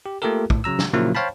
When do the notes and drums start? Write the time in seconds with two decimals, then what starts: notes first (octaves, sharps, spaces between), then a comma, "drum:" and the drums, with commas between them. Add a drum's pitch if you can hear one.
0.06 G4
0.22 A3 A#3 F4 G4 A4 A#4
0.50 A2, drum: kick
0.64 C#3 F#3 A#5 E6
0.79 drum: snare
0.93 A#2 C#3 F3 F#3 A#3 E4
1.15 C5 C#5 F5 G5 A5 B5